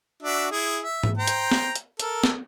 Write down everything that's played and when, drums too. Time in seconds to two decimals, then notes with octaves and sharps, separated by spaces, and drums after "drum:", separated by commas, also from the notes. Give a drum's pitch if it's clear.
0.22 D4 F#4 E5
0.51 E4 G#4
0.83 E5
1.03 drum: tom G#2
1.17 C5 G5 A#5
1.27 drum: hi-hat
1.51 drum: snare
1.76 drum: hi-hat
2.00 A4 A#4, drum: hi-hat
2.24 drum: snare